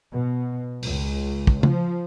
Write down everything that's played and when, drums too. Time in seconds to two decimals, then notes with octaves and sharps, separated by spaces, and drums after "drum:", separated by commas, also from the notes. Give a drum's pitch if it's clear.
0.12 B2
0.83 C#2, drum: open hi-hat
1.47 drum: kick
1.63 F3, drum: tom C#3